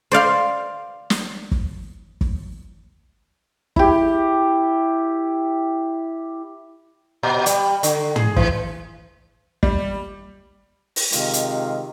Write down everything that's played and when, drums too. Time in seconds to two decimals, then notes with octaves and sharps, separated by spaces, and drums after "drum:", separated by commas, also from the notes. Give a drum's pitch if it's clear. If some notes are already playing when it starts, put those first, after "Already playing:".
0.12 C5 D5 F5 C6
1.10 drum: snare
1.51 drum: kick
2.21 drum: kick
3.76 E4 G4, drum: kick
7.23 A#2
7.46 G3, drum: hi-hat
7.83 D3, drum: hi-hat
8.16 G#4, drum: tom
8.36 E3, drum: kick
9.63 G3, drum: kick
10.96 drum: open hi-hat
11.12 C3 D#3 G#3 F4, drum: hi-hat
11.33 drum: hi-hat